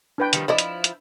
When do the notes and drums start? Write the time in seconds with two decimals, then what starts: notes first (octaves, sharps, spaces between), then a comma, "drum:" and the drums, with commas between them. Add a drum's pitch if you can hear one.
0.18 D4 B4 G5
0.33 D#3 F3 G3, drum: hi-hat
0.48 F3 E4 D5 D#5
0.58 drum: hi-hat
0.84 drum: hi-hat